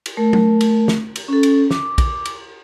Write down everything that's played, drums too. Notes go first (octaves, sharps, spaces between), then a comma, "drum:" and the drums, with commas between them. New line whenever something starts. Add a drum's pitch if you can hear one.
drum: cymbal
A3 A#4
drum: tom F#3
drum: cymbal
drum: snare
drum: cymbal
C#4 A4
drum: cymbal
D6, drum: snare
drum: kick, cymbal
drum: cymbal